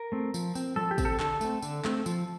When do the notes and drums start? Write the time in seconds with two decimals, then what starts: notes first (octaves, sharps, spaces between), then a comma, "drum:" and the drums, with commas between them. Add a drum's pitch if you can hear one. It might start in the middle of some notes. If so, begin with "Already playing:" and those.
Already playing: A#4
0.12 A3 C4
0.34 F3, drum: tambourine
0.55 C4, drum: tambourine
0.76 F3 A4, drum: tom F3
0.91 G4
0.98 C4, drum: kick, tambourine
1.05 A4
1.20 D3 A4, drum: clap
1.41 A3 C4, drum: tambourine
1.62 D3, drum: tambourine
1.85 A3 C4, drum: clap
2.06 F3, drum: tambourine